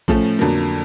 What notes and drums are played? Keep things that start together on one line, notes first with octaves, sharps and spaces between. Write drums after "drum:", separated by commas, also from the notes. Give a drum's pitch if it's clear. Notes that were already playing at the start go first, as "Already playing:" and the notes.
A2 F3 A3 C#4, drum: kick A1
F2 D3 F#3 A#3